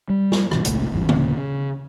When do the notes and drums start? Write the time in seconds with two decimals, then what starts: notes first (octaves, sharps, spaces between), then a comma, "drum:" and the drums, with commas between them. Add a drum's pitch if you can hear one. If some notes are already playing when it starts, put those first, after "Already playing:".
0.10 G3
0.32 drum: snare
0.51 G2 B2 E3 F3, drum: rim click
0.65 G#1 C#2 A#2 A3, drum: hi-hat
0.92 G#1 E2 G2 F3
1.09 D#1 A#2 C#3, drum: tom D3
1.37 C#3